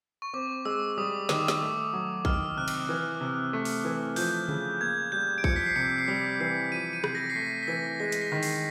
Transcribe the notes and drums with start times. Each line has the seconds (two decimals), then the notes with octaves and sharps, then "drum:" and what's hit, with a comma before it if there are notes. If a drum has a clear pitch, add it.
0.22 C#6
0.33 C4 D6
0.65 G#3 E6
0.97 G3 D#6
1.29 D#3 D6, drum: snare
1.48 drum: snare
1.61 A3
1.93 F#3
2.25 D#3 F6, drum: kick
2.57 C3 F#6
2.68 drum: cymbal
2.89 E3
3.21 C3
3.53 A3
3.65 drum: open hi-hat
3.85 E3
4.16 F3 G6, drum: open hi-hat
4.49 C#3, drum: tom D3
4.80 A#3 G#6
5.12 G3 G6
5.38 D7
5.44 F3 C#7, drum: kick
5.56 B6
5.66 C7
5.76 C3 C#7
5.98 C7
6.08 G3 B6
6.40 E3 C7
6.72 F3 D#7
6.93 D#7
7.04 C3, drum: rim click
7.15 A#6
7.30 C7
7.36 A3 B6
7.63 B6
7.67 E3 A#6
8.00 G#3 A#6
8.12 drum: hi-hat
8.21 B6
8.32 D#3
8.43 C7, drum: open hi-hat